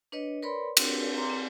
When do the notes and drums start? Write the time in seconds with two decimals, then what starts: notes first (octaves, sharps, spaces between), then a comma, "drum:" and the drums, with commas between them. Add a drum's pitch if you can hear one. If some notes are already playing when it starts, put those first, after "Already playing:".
0.12 D4 B4 C#5 D#5
0.43 A#4 B4 C#5 D5 B5 C6
0.77 C4 D4 F#4 A#4 C#5, drum: cymbal
1.14 C4 A#5 C6 D6
1.30 C4